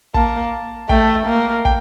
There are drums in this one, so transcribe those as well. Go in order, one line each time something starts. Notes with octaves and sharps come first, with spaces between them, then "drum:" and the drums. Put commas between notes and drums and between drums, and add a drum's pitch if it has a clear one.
A#3 A5, drum: kick
A3 G5, drum: kick
A#3
G5, drum: kick